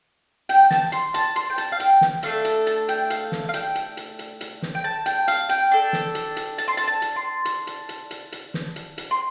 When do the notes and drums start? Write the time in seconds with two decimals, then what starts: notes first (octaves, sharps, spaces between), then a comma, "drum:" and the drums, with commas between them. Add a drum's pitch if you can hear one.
0.49 G5, drum: hi-hat
0.65 G5
0.71 A5, drum: snare
0.92 C6, drum: hi-hat
1.14 A5, drum: hi-hat
1.36 C6, drum: hi-hat
1.50 G5
1.58 A5, drum: hi-hat
1.72 F5
1.80 G5, drum: hi-hat
2.01 drum: snare
2.23 A3 D4 A4 F5, drum: hi-hat
2.45 A5, drum: hi-hat
2.67 A5, drum: hi-hat
2.89 G5, drum: hi-hat
3.10 F5, drum: hi-hat
3.32 drum: snare
3.49 F5
3.54 G5, drum: hi-hat
3.75 drum: hi-hat
3.97 drum: hi-hat
4.19 drum: hi-hat
4.41 drum: hi-hat
4.62 drum: snare
4.75 G5
4.84 A5
5.06 G5, drum: hi-hat
5.28 F5, drum: hi-hat
5.49 G5, drum: hi-hat
5.71 D4 A4
5.93 drum: snare
6.15 drum: hi-hat
6.37 drum: hi-hat
6.58 A5, drum: hi-hat
6.68 C6
6.77 A5, drum: hi-hat
6.87 A5
7.02 drum: hi-hat
7.16 C6
7.45 drum: hi-hat
7.67 drum: hi-hat
7.89 drum: hi-hat
8.11 drum: hi-hat
8.32 drum: hi-hat
8.54 drum: snare
8.76 drum: hi-hat
8.98 drum: hi-hat
9.11 C6